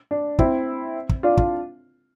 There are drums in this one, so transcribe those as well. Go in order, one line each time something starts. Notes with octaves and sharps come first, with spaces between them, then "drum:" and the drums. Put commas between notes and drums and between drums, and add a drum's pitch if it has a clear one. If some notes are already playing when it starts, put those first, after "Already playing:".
D4
C4 E4, drum: kick
drum: kick
D4 F4
D4 F4, drum: kick